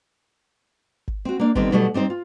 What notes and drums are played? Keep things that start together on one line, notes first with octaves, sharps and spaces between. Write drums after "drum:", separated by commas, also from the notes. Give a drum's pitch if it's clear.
drum: kick G1
C4 F#4
A#3 D4
D3 D#3 G3 B3 C4, drum: kick G1
B2 F#3 G3 A3
G3 C4 D#4 C5
F4